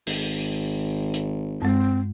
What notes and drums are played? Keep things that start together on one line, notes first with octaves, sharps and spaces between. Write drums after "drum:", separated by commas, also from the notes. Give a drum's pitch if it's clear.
G#1, drum: open hi-hat
drum: hi-hat
G2 G#3 C4